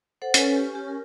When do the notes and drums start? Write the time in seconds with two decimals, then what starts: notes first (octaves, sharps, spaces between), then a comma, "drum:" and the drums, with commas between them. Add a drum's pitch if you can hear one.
0.22 A4 C5 F#5
0.34 C#4 A4 B4 C#5, drum: hi-hat
0.56 G4
0.75 G4
0.88 A#4